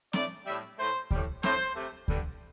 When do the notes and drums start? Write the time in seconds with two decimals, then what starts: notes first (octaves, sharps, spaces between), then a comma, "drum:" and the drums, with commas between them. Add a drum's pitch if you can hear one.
0.13 A2 A3 D5, drum: snare
0.46 A2 G3 E5
0.78 A2 A3 C5
1.11 A2 G3, drum: kick D2
1.43 A2 A3 C5, drum: snare
1.76 C3 A3
2.08 G2 D3 G3, drum: kick D2